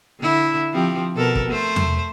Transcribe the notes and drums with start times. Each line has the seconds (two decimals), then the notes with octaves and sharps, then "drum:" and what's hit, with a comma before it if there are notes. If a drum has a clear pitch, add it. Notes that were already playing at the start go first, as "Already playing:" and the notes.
0.20 D3 E4
0.73 F3 C4 G4
1.15 B2 A4 A#4
1.35 drum: kick
1.50 A3 C5
1.76 drum: tom E2